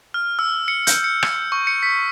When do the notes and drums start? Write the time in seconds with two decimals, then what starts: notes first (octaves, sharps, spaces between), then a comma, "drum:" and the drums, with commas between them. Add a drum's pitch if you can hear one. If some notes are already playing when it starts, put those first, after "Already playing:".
0.14 F6
0.39 E6
0.68 C#7
0.87 G6, drum: hi-hat
1.04 C#7
1.23 drum: rim click
1.52 C#6
1.67 C#7
1.83 B6